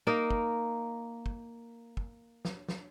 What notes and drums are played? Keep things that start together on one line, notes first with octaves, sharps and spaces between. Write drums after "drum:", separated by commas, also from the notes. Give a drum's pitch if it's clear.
A#3 D#4 A#4
drum: kick
drum: kick
drum: kick
drum: snare
drum: snare